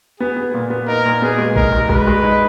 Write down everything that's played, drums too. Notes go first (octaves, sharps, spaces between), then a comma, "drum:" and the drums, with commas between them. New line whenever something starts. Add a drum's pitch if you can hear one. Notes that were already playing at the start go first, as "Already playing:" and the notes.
B3 G#4
B3
A#2
B3
D#4 A#4
A#2
B3 G#4
G#3
D#4 A#4, drum: kick A#1
G#3
G#3 B4, drum: kick A#1
G#3
D#4